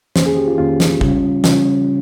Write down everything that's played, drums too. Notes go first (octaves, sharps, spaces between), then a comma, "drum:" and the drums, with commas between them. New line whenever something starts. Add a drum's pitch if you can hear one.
F2 D#3 A#3 C#4 C5, drum: snare
G#4
G4
F4
F2 D#3 A#3 C#4 F4
drum: snare
C#3 G3 C#4, drum: kick
C#3 G3 C#4, drum: snare